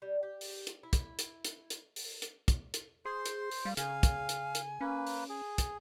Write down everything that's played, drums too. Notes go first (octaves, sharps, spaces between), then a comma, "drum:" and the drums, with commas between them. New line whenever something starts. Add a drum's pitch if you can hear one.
G3
G4
drum: open hi-hat
drum: hi-hat
E4
drum: kick, hi-hat
drum: hi-hat
drum: hi-hat
drum: hi-hat
drum: open hi-hat
drum: hi-hat
drum: kick, hi-hat
drum: hi-hat
G#4 C5 C6
drum: hi-hat
drum: open hi-hat
G3 F5
C#3 F5 G#5, drum: hi-hat
drum: kick, hi-hat
drum: hi-hat
drum: hi-hat
A#3 C#4 B4
drum: open hi-hat
G#4
drum: kick, hi-hat